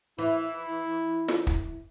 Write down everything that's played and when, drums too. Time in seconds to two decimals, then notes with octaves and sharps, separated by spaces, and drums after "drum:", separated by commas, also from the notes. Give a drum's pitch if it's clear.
0.18 E3 E4
1.28 drum: snare
1.47 drum: kick